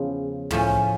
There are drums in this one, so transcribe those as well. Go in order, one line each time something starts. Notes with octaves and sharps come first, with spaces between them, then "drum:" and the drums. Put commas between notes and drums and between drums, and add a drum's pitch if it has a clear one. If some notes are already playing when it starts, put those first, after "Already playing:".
Already playing: E2 C#3 F3
A2 F3 A3 C#4, drum: tom